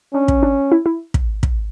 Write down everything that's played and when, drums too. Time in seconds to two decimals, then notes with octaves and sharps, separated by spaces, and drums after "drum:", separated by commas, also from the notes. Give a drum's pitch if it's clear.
0.14 C#4 D4
0.28 drum: kick
0.43 D4
0.72 E4
0.86 E4
1.14 drum: kick
1.43 drum: kick